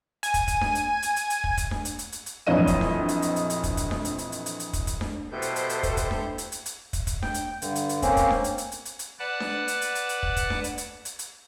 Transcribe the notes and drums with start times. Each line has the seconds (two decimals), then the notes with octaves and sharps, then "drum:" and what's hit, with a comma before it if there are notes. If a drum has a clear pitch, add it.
0.23 G#5, drum: hi-hat
0.34 drum: kick, hi-hat
0.48 drum: kick, hi-hat
0.61 drum: snare D4
0.75 drum: hi-hat
1.03 drum: hi-hat
1.16 drum: hi-hat
1.30 drum: hi-hat
1.44 drum: kick
1.57 drum: kick, hi-hat
1.71 drum: snare D4
1.85 drum: hi-hat
1.99 drum: hi-hat
2.12 drum: hi-hat
2.26 drum: hi-hat
2.47 A#1 F2 E3 F#3 D#5 D#7
2.67 drum: kick, hi-hat
2.81 drum: snare D4
3.09 drum: hi-hat
3.22 drum: hi-hat
3.36 drum: hi-hat
3.50 drum: hi-hat
3.63 drum: kick, hi-hat
3.77 drum: kick, hi-hat
3.91 drum: snare D4
4.05 drum: hi-hat
4.18 drum: hi-hat
4.32 drum: hi-hat
4.46 drum: hi-hat
4.60 drum: hi-hat
4.73 drum: kick, hi-hat
4.87 drum: kick, hi-hat
5.01 drum: snare D4
5.32 B2 E4 G4 A4 C5 G6
5.42 drum: hi-hat
5.56 drum: hi-hat
5.70 drum: hi-hat
5.83 drum: kick, hi-hat
5.97 drum: kick, hi-hat
6.11 drum: snare D4
6.38 drum: hi-hat
6.52 drum: hi-hat
6.66 drum: hi-hat
6.93 drum: kick, hi-hat
7.07 drum: kick, hi-hat
7.22 G5, drum: snare D4
7.34 drum: hi-hat
7.62 G2 D3, drum: hi-hat
7.76 drum: hi-hat
7.89 drum: hi-hat
8.02 A#3 C4 C#4, drum: kick, hi-hat
8.17 drum: kick, hi-hat
8.30 drum: snare D4
8.44 drum: hi-hat
8.58 drum: hi-hat
8.72 drum: hi-hat
8.85 drum: hi-hat
8.99 drum: hi-hat
9.19 B4 D5 F#5 A5
9.40 drum: snare D4
9.68 drum: hi-hat
9.82 drum: hi-hat
9.95 drum: hi-hat
10.09 drum: hi-hat
10.23 drum: kick
10.36 drum: kick, hi-hat
10.50 drum: snare D4
10.64 drum: hi-hat
10.78 drum: hi-hat
11.05 drum: hi-hat
11.19 drum: hi-hat